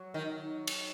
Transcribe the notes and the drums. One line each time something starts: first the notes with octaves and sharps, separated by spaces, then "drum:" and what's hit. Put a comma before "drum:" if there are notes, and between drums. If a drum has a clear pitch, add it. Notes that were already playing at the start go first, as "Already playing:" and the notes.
Already playing: F#3
D#3
drum: cymbal